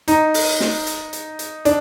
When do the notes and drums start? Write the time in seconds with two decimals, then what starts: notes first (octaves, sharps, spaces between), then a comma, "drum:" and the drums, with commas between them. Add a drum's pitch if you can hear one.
0.08 D#4, drum: hi-hat
0.34 drum: open hi-hat
0.60 drum: snare
0.87 drum: hi-hat
1.13 drum: hi-hat
1.39 drum: hi-hat
1.65 D4, drum: hi-hat